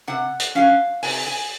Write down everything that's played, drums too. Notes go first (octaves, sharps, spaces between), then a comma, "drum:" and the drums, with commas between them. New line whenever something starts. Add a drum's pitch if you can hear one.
C3 F#5
drum: hi-hat
F#3 C#4 F5
C3 G#5, drum: open hi-hat
G#5